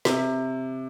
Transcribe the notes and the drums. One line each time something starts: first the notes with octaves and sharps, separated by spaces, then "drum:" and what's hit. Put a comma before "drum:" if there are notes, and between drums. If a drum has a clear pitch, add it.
C3, drum: snare